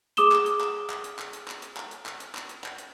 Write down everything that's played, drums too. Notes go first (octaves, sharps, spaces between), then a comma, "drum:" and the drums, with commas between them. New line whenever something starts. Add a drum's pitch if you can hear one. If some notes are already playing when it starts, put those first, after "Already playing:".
G#4 D6 D#6 E7 G7, drum: hi-hat
drum: clap
drum: hi-hat
drum: clap
drum: clap
drum: hi-hat
drum: clap
drum: hi-hat
drum: clap
drum: hi-hat
drum: clap
drum: hi-hat
drum: clap
drum: hi-hat
drum: clap
drum: hi-hat
drum: clap
drum: hi-hat